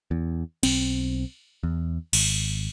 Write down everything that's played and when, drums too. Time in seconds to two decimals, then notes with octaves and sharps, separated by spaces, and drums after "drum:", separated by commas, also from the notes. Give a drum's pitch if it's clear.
0.11 E2
0.63 B1 C4, drum: cymbal
1.63 E2
2.13 G#1, drum: cymbal